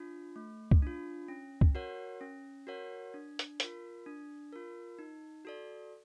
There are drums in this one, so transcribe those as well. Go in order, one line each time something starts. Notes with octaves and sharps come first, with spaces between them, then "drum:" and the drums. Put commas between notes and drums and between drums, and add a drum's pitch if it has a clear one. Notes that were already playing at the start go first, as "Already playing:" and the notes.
Already playing: D4 F4
A3
drum: kick
D4 F4
C#4
drum: kick
F#4 A#4 C#5 F#5
C#4
F#4 A#4 C#5 F#5
D4
drum: hi-hat
F4 A#4, drum: hi-hat
D4
F4 A#4
D#4
F#4 A4 D5